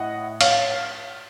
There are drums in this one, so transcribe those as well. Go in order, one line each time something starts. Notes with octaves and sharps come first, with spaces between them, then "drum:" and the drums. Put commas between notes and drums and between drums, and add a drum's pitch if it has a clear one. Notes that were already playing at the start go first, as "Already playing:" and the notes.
Already playing: A2 D#5 F#5
C#5 F5, drum: cymbal